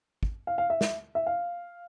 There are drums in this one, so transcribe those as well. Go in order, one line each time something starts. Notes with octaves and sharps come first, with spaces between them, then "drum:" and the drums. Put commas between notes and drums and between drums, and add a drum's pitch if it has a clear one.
drum: kick
F5
F5
E5
drum: snare
E5
F5